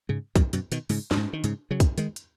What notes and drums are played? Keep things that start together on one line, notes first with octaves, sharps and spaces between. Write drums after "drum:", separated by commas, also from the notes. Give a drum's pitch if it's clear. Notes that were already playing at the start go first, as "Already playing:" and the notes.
G#2 C#3
F#2 B2, drum: kick, hi-hat
F#2 B2, drum: hi-hat
B2 D#3, drum: hi-hat
G#2 C#3, drum: open hi-hat
F#2, drum: snare
G#2
D#3
G#2 C#3, drum: hi-hat
C#3 F#3
drum: kick, hi-hat
D#3 G#3, drum: hi-hat
drum: hi-hat